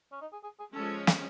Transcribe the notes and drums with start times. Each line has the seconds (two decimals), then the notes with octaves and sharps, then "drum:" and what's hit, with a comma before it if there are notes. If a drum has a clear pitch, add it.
0.12 C#4
0.22 D#4
0.33 G#4
0.43 G#4
0.59 G#4
0.75 F3 G#3 C#4 A4
1.07 drum: snare